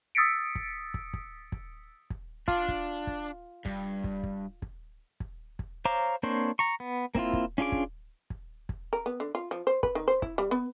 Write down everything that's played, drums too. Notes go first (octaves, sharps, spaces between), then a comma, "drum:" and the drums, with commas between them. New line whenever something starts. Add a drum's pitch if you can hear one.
D#6 E6 A6 B6 C#7 D7
drum: kick
drum: kick
drum: kick
drum: kick
drum: kick
D4 F4, drum: kick
drum: kick
drum: kick
G2, drum: kick
drum: kick
drum: kick
drum: kick
drum: kick
drum: kick
C5 C#5 F5 A#5 D6
A#3 C4 D4 C5 C#5
A#5 C#6
B3
A#3 C4 E4 F4, drum: kick
drum: kick
C#4 D4 F4 G#4 D6
drum: kick
drum: kick
drum: kick
A#4
B3
D3
F4
F3
C5
B4, drum: kick
D#3
C5
E4, drum: kick
G3
B3